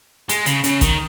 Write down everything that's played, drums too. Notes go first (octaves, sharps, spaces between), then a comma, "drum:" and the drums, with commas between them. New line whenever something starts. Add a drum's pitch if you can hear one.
G#3, drum: hi-hat
C#3, drum: hi-hat
C#3, drum: hi-hat
D#3, drum: kick A1, hi-hat